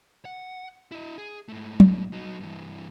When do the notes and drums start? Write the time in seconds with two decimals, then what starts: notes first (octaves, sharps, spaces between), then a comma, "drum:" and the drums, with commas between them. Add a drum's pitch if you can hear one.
0.25 F#5
0.92 E4 D#5
1.18 G#4
1.49 G#2 A3
1.80 drum: tom F#3
2.12 F#3 D#4
2.40 G2 E3